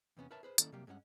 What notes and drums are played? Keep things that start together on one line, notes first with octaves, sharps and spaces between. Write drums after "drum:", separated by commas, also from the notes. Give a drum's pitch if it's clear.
E2 C3 B3 C#4
A#4 B4 C#5 E5 A5
G#4 B4 C5
D#3 A#3 C#4 E4 A4 D5, drum: hi-hat
C3 F#3 G3 A#3 G4
G2 G#3 C#4 G4 F#5